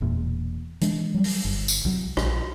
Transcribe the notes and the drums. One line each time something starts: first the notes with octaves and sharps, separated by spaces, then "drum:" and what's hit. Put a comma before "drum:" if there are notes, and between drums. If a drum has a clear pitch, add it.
E1 E2 A#2
E3 G#3 D4, drum: hi-hat
F#3 G3
drum: open hi-hat
G1
drum: tambourine
C2 F#3
A#1, drum: rim click